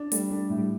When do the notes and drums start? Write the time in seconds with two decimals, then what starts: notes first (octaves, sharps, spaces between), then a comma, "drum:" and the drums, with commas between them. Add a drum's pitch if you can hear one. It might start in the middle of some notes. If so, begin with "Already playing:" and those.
Already playing: D4
0.12 G3 A3, drum: hi-hat
0.31 A3 D4
0.50 A2
0.58 G3